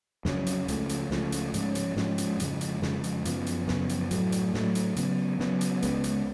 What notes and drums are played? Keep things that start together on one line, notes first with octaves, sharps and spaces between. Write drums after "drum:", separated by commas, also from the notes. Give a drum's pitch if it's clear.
F2 C#3 F#3 C#4, drum: snare
drum: hi-hat
C#2 C#3 F3 A3, drum: hi-hat
drum: hi-hat
C#2 C#3 F3 A3, drum: snare
drum: hi-hat
G#2 F3 G#3 C#4, drum: hi-hat
drum: hi-hat
G#2 F3 G#3 C#4, drum: snare
drum: hi-hat
F2 C#3 F3 G#3, drum: hi-hat
drum: hi-hat
F2 C#3 F3 G#3, drum: snare
drum: hi-hat
F#2 C#3 F3 B3, drum: hi-hat
drum: hi-hat
F#2 C#3 F3 B3, drum: snare
drum: hi-hat
A2 F#3 A3, drum: hi-hat
drum: hi-hat
A2 F#3 A3, drum: snare
drum: hi-hat
C#3 F#3 B3, drum: hi-hat
C#3 F#3 B3, drum: snare
drum: hi-hat
C#2 C#3 G#3 B3, drum: hi-hat
drum: hi-hat